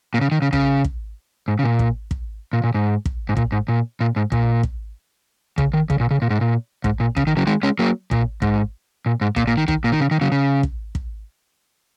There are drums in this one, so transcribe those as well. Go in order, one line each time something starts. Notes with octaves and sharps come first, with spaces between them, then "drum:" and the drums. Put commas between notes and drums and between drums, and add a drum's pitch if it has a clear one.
A#2
C#3
D#3
C#3
C#3, drum: kick
drum: kick
G#2
C#3
A#2
drum: kick
drum: kick
A#2
A#2
G#2
drum: kick
G#2
A#2, drum: kick
G#2
A#2
A#2
G#2
A#2, drum: kick
drum: kick
C#3, drum: kick
D#3
C#3, drum: kick
A#2
C#3
A#2
G#2
A#2
G#2, drum: kick
A#2
C#3, drum: kick
D#3
C#3 F#3
D#3 G#3
G#3 C#4
F#3 A#3
A#2, drum: kick
G#2, drum: kick
A#2
G#2
A#2, drum: kick
A#2
D#3
D#3, drum: kick
A#2
D#3
C#3
D#3
C#3 F#3
C#3
drum: kick
drum: kick